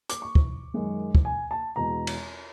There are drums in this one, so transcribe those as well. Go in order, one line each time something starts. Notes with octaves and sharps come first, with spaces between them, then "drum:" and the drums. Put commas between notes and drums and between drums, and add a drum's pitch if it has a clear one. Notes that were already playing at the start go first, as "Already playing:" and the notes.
D6, drum: hi-hat
C#6
drum: kick
F#2 D#3 G#3
drum: kick
G#5
A5
E2 B2 G#3 A#5
drum: cymbal